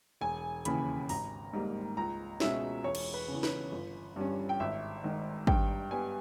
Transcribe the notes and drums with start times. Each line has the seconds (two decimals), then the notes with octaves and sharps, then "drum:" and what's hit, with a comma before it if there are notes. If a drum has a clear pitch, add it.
0.21 E1 G#5
0.65 D#2 C#3 E3 B5, drum: hi-hat
1.09 G#1 A#5, drum: open hi-hat
1.53 G#2 G3 A#3
1.97 C#2 A#5
2.40 B2 G#3 C#4 E5, drum: snare
2.84 E1 C#5
2.95 drum: cymbal
3.14 B4
3.28 E2 C#3
3.43 B4, drum: snare
3.72 G1
4.16 G2 G3 C#4
4.49 G5
4.60 G#1 E5
5.04 G#2 D#3
5.47 G2 G5, drum: kick
5.91 G3 B3 G#5